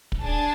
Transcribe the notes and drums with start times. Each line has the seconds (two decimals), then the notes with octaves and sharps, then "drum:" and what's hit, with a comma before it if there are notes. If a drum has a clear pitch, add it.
0.12 drum: kick
0.22 D4 G#4 A5